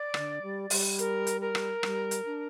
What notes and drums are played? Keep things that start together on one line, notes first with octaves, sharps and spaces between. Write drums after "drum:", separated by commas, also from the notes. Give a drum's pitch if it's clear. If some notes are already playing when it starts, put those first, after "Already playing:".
Already playing: D5
D3, drum: rim click
G3
G3, drum: open hi-hat
A#4, drum: hi-hat
drum: hi-hat
A#4
drum: rim click
G3, drum: rim click
drum: hi-hat
D4